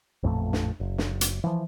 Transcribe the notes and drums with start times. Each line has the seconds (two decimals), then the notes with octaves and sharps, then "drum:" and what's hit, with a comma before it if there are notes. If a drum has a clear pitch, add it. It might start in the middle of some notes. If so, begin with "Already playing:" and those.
0.23 A1 F2 A#2 A3
0.53 drum: snare
0.80 F#1
0.98 drum: snare
1.21 drum: hi-hat
1.44 E3 F3